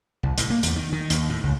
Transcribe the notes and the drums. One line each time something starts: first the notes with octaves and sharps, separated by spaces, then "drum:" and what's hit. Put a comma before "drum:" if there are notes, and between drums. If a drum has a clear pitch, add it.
C2
A2, drum: hi-hat
A#3
E2, drum: hi-hat
D#3
D#3
D#2, drum: hi-hat
A2
C#2